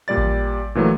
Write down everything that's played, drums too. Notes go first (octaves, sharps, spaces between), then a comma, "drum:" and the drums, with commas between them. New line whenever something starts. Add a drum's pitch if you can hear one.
A#2 G3 D5 A6
drum: kick A1
A#2 E3 F#3 A3